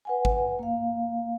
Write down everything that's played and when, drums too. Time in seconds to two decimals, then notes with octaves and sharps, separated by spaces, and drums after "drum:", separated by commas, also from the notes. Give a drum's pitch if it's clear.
0.05 B4 F#5 G#5
0.25 drum: kick G#1
0.59 A#3 F5